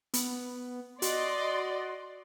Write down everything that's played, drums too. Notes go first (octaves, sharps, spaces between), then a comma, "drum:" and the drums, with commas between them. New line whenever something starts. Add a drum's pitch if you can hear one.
B3, drum: hi-hat
F#4 D5 D#5 C6, drum: hi-hat